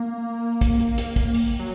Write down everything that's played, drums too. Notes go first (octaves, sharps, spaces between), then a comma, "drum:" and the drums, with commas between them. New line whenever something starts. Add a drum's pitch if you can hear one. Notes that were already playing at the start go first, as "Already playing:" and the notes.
Already playing: A#3
drum: kick, hi-hat
drum: hi-hat
drum: hi-hat
drum: kick, hi-hat
drum: open hi-hat
F#3